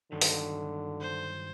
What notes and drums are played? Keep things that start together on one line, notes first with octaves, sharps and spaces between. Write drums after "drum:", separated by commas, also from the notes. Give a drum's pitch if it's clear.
G2 D3 D#3 F#3
drum: open hi-hat
C5